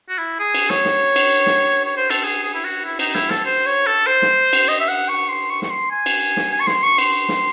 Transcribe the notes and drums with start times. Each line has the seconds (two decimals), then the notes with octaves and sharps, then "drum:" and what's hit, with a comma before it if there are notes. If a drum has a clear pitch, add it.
0.09 F#4
0.18 E4
0.39 G#4
0.54 drum: cymbal
0.70 C#5, drum: snare
0.85 drum: snare
1.16 drum: cymbal
1.46 drum: snare
1.85 C#5
1.97 C5
2.10 A4, drum: cymbal
2.23 G#4
2.43 G#4
2.54 E4
2.64 F#4
2.84 E4
2.99 D#4, drum: cymbal
3.15 E4, drum: snare
3.30 A4, drum: snare
3.46 C5
3.66 C#5
3.87 A4
4.07 C5
4.22 drum: snare
4.53 drum: cymbal
4.68 D#5
4.80 E5
4.88 F#5
5.09 C#6
5.29 C6
5.50 C#6
5.62 C#6, drum: snare
5.70 C6
5.91 G#5
6.06 drum: cymbal
6.37 drum: snare
6.52 G#5
6.60 C#6
6.67 C6, drum: snare
6.83 C#6
6.98 C6, drum: cymbal
7.29 drum: snare